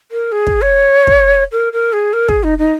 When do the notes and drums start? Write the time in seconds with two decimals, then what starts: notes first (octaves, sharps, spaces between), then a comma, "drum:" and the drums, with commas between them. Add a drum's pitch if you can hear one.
0.11 A#4
0.32 G#4
0.47 drum: kick
0.62 C#5
1.07 drum: kick
1.52 A#4
1.73 A#4
1.93 G#4
2.13 A#4
2.29 G#4, drum: kick
2.43 D#4
2.58 D#4